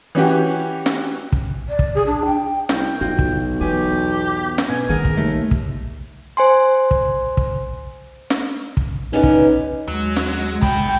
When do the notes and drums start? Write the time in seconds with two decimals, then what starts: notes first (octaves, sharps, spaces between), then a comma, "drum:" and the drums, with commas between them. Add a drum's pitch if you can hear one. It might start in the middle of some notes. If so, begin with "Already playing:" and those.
0.15 E3 C#4 F#4 G4
0.86 drum: snare
1.32 drum: kick
1.69 D5
1.79 drum: kick
1.95 G#4
2.06 D4
2.25 G5
2.69 C2 G5, drum: snare
3.01 B1 B3 F4 F#4 G5
3.19 drum: kick
3.61 E2 B3 G4 G#5
4.58 drum: snare
4.69 B2 G#5
4.89 D#3 A#3 G#4 A#4 F#5 G#5
5.05 drum: kick
5.17 D#2 A3
5.51 drum: kick
6.37 C5 G#5 C6
6.91 drum: kick
7.37 drum: kick
8.30 drum: snare
8.77 drum: kick
9.13 D3 B3 C#4 D#4
9.23 drum: kick
9.88 D#2 F#3 G#3
10.16 drum: snare
10.62 B2 G5, drum: kick